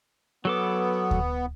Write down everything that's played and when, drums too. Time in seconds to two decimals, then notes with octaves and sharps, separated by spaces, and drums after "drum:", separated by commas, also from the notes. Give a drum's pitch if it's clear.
0.45 F#3 B3 A4 D6
1.11 drum: kick D2